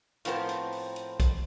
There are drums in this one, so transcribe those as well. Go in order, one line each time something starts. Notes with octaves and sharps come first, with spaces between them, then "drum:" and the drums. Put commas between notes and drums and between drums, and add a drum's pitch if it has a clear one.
A2 F3 B3 C4 A#4 A5, drum: hi-hat
drum: hi-hat
drum: open hi-hat
drum: hi-hat
drum: kick B1, hi-hat